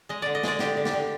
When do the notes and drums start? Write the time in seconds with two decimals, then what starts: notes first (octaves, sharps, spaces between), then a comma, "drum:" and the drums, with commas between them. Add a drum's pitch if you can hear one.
0.09 G#3 D#5
0.22 D3 D5
0.35 D#5
0.43 G#3 D5, drum: snare
0.59 D3 G4, drum: snare
0.77 D3
0.85 G4, drum: snare
0.94 D3